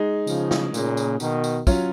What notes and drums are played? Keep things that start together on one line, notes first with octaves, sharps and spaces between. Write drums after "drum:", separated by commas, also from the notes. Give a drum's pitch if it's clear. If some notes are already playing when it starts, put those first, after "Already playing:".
Already playing: G#3 D#4 G#4
C#3 F3, drum: tambourine
drum: snare
A#2 C#3, drum: tambourine
drum: tambourine
B2 D#3, drum: tambourine
drum: tambourine
F#3 C#4 F4, drum: kick, tambourine